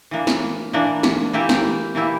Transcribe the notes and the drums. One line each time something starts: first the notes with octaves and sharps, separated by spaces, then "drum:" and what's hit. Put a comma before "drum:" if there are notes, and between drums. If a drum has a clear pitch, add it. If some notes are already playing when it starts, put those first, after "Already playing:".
E3 A#3 D4
drum: snare
E3 A#3 D4
drum: snare
E3 A#3 E4 G4
drum: snare
E3 A#3 E4 G4